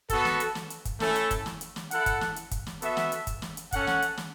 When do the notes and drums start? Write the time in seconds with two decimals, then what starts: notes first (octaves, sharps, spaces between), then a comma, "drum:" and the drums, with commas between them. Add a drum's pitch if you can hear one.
0.09 B3 F#4 A4, drum: kick, hi-hat
0.25 drum: snare
0.40 drum: hi-hat
0.55 drum: snare
0.70 drum: hi-hat
0.85 drum: kick, hi-hat
1.00 A3 C#4 E4 A4, drum: snare
1.16 drum: hi-hat
1.31 drum: kick, hi-hat
1.46 drum: snare
1.61 drum: hi-hat
1.76 drum: snare
1.91 E4 A4 F#5, drum: hi-hat
2.06 drum: kick, hi-hat
2.21 drum: snare
2.36 drum: hi-hat
2.51 drum: kick, hi-hat
2.67 drum: snare
2.82 B3 F#4 A4 E5, drum: hi-hat
2.97 drum: snare
3.12 drum: hi-hat
3.27 drum: kick, hi-hat
3.42 drum: snare
3.57 drum: hi-hat
3.72 C#4 A4 F#5, drum: kick, hi-hat
3.87 drum: snare
4.02 drum: hi-hat
4.17 drum: snare